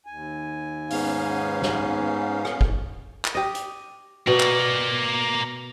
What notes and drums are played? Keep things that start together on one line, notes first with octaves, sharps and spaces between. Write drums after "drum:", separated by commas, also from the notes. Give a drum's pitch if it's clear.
D#2 G#5
G#2 B3 C#4 F5, drum: open hi-hat
drum: snare
drum: rim click
drum: kick
drum: clap
G4 D#5
drum: hi-hat
B2 A#4 D5
drum: clap